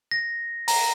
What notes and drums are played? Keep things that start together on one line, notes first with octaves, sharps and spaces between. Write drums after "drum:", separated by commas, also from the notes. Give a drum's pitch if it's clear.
A#6
A#5, drum: open hi-hat